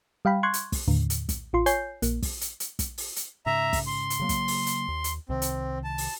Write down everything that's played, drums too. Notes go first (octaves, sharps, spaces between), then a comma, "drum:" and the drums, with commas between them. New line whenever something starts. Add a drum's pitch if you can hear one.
G3 F5 G5 B5
C6 C#6 F#6 G#6
drum: hi-hat
drum: kick, open hi-hat
D#2 A2 D3
drum: hi-hat
drum: kick, hi-hat
A1 F4 C6
C#5 G#5 G6 C7, drum: hi-hat
A#1 A#3, drum: hi-hat
drum: kick, open hi-hat
drum: hi-hat
drum: hi-hat
drum: kick, hi-hat
drum: open hi-hat
drum: hi-hat
G#2 C#3 E5 A#5
drum: kick, open hi-hat
C6
drum: hi-hat
C#3 F#3 A#3
drum: kick, hi-hat
drum: open hi-hat
drum: hi-hat
D#2
drum: hi-hat
C2 C3 D#3 C4
drum: hi-hat
A5
drum: open hi-hat